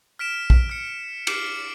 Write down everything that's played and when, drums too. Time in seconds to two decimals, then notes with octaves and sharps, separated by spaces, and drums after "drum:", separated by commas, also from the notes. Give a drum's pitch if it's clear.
0.19 F6 B6 D7 E7
0.50 drum: kick
0.70 F6 C#7
1.27 D6 F6 C7 D7 F#7, drum: cymbal